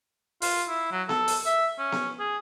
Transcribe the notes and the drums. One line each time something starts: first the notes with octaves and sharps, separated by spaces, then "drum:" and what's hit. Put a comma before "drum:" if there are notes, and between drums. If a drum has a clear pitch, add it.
F4, drum: open hi-hat
E4
F#3
A4, drum: snare B3
drum: open hi-hat
E5
C#4
drum: snare B3
G#4